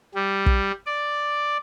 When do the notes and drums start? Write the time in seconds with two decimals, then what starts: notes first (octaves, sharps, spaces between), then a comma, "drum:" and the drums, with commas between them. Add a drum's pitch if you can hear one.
0.15 G3
0.46 drum: kick
0.86 D5